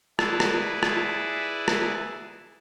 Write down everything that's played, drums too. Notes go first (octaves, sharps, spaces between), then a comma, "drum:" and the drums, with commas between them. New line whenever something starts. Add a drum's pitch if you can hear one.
E4 G#4 B4 D5 E5, drum: rim click
drum: rim click
drum: rim click
drum: rim click